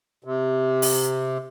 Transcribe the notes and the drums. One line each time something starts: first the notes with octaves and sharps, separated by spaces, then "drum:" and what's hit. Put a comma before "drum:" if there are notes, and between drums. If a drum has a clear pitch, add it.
C3
drum: open hi-hat